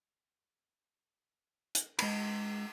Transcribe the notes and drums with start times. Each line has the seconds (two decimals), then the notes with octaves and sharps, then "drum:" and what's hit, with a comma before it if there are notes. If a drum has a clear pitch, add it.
1.75 drum: hi-hat
1.99 G#3 B5, drum: cymbal